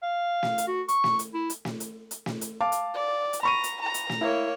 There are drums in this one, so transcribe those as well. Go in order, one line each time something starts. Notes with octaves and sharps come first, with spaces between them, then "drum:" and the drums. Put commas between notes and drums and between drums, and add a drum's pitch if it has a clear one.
F5
drum: snare
drum: hi-hat
F#4
C#6, drum: hi-hat
drum: snare
drum: hi-hat
E4
drum: hi-hat
drum: snare
drum: hi-hat
drum: hi-hat
drum: snare
drum: hi-hat
F5 A5 D6
drum: hi-hat
D5
drum: hi-hat
A#5 B5 C#6 D#7
drum: hi-hat
A#5
drum: hi-hat
drum: snare
A#3 E4 C#5